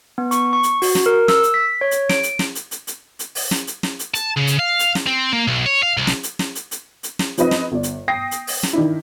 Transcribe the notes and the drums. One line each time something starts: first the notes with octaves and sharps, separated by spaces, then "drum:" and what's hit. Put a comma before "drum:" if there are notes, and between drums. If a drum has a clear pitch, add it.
B3
C#6, drum: hi-hat
C#6
drum: hi-hat
F#4, drum: open hi-hat
drum: snare
A#4
E6, drum: snare
drum: hi-hat
B6
C#5
drum: hi-hat
D7, drum: snare
drum: hi-hat
drum: snare
drum: hi-hat
drum: hi-hat
drum: hi-hat
drum: hi-hat
drum: open hi-hat
drum: snare
drum: hi-hat
drum: snare
drum: hi-hat
A5, drum: hi-hat
C#3
drum: hi-hat
F5
drum: hi-hat
drum: snare
C4
A#3
B1
C#5
F5
C2
drum: snare
drum: hi-hat
drum: snare
drum: hi-hat
drum: hi-hat
drum: hi-hat
drum: snare
F3 C4 D#4 B4 D#5, drum: hi-hat
drum: snare
G1 D5
drum: hi-hat
G5 D#6 A#6 C7
drum: hi-hat
drum: open hi-hat
drum: snare
D#3 D4 E4